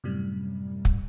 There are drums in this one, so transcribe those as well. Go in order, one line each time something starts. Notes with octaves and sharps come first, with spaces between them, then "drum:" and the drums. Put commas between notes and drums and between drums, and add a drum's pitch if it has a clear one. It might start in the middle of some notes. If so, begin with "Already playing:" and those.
F#2 A2 C3 G3
drum: kick